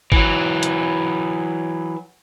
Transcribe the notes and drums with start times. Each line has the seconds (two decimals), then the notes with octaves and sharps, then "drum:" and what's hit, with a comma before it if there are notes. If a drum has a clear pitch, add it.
0.12 E3 F#3, drum: kick
0.63 drum: hi-hat